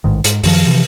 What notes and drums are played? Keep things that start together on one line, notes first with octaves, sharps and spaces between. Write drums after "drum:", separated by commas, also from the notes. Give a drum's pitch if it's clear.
A1 G#2 D#3
G#2, drum: hi-hat
F#2 D#3 F3, drum: open hi-hat
C3 E3 F3